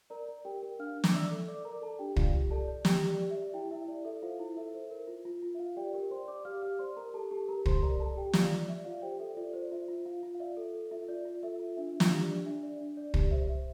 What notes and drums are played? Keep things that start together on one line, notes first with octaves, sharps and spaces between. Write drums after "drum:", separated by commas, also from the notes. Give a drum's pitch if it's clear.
A#4 D5 A#5
D5
G4 A#4 G5
A#4
D4 F5 F6
D4
D6, drum: snare
D5 E5 E6
A4
D5 D6
A#4 D5 A#5
A4 D5 A5
D4 G4 G5
F4 D5 F5, drum: kick
G4
A4 D5 A5
D5
G4 G5, drum: snare
G4
D5
G4
E5
D5
E4 G4 G5
E4 E5
E4 D5
A4 E5
F4 C5 F5
E4
A4 E5
C5
A#4
F4
F4
F4
E5
F4 F5
G4 D5 G5
G4 A#4 G5
C5 D5 C6
D5 D6
G4 F5 F6
G4 F5 F6
C5 D5 C6
A#4 A#5
G4 A4 A5
G4 A4 A5
G4 A#4 A#5
G4 C5 C6, drum: kick
A#4 D5 A#5
A4 D5 A5
G4 G5
F4 D5 F5, drum: snare
D5
D5 E5
F4 D5 F5
G4 C5 G5
A4 E5
F4 D5
C5 D5
F4 E5
F4
F4 F5
F4
F5
D5 E5
A4
A4
F4 E5
F4 D5
F4
A4 E5
F4
D4 E5
D4
F4 F5, drum: snare
G4
D5
D4
D4 E5
D5
D4
D5
G4 D5, drum: kick
C5 E5
C5 E5